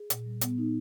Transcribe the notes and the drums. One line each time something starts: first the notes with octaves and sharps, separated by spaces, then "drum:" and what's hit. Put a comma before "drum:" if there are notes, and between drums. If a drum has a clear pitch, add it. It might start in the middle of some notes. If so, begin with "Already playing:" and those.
Already playing: G#4
A#2, drum: hi-hat
G3
B3, drum: hi-hat
D#4